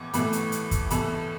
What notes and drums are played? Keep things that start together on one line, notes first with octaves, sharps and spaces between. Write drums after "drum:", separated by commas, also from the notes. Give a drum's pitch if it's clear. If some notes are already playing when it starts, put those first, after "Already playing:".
Already playing: A2 E3 C#6 D6
A2 E3 A3 B5, drum: hi-hat
drum: hi-hat
drum: hi-hat
drum: kick, hi-hat
A2 E3 A3 B5, drum: hi-hat